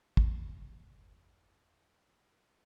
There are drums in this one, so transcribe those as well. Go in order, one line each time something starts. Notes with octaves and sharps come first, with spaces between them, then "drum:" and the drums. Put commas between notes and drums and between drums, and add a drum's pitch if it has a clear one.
E1 G2 A#3, drum: kick